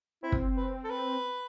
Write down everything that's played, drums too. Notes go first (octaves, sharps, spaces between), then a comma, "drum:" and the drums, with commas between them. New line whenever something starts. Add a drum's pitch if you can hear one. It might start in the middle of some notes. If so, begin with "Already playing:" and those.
C4 E4
drum: kick
B4
A4
B4